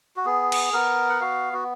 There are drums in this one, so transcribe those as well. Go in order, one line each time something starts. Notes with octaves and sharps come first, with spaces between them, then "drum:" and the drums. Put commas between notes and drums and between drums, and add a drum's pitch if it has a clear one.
F#4
B3 G#4
drum: cymbal
B3 A#4
F#5
F#4 F5
F#4